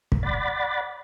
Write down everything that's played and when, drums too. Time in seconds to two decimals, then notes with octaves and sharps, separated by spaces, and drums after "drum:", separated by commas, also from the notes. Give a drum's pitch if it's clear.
0.12 drum: kick
0.23 D5 F#5 B5 A6